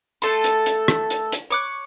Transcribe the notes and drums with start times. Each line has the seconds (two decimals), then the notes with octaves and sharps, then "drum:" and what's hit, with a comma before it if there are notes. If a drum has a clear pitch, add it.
0.22 A3 A4 C6, drum: hi-hat
0.44 drum: hi-hat
0.66 drum: hi-hat
0.88 drum: rim click
1.10 drum: hi-hat
1.32 drum: hi-hat
1.51 C#5 D6 F#6